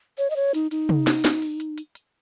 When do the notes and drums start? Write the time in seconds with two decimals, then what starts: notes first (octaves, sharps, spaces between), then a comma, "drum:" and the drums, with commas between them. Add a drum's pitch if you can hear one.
0.18 C#5
0.30 D#5
0.36 C#5
0.54 D#4, drum: hi-hat
0.71 D#4, drum: hi-hat
0.89 drum: tom
1.07 drum: snare
1.25 drum: snare
1.42 drum: open hi-hat
1.60 drum: hi-hat
1.78 drum: hi-hat
1.95 drum: hi-hat